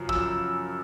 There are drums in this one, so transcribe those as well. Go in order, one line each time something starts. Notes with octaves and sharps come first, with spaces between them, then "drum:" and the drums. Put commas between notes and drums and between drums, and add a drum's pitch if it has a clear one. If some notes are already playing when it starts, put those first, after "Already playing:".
Already playing: F#2 C#3 F3
E6, drum: kick